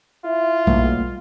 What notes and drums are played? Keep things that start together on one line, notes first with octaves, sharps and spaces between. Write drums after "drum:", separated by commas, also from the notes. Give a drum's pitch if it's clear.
E4 F4
B1 G3 A3 A#3, drum: tom A#1